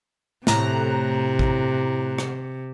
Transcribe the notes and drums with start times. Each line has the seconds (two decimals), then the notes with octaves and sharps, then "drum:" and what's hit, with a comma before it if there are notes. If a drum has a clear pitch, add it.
0.47 A2 C3 A#5 F#6, drum: snare
1.39 drum: kick A1
2.18 drum: rim click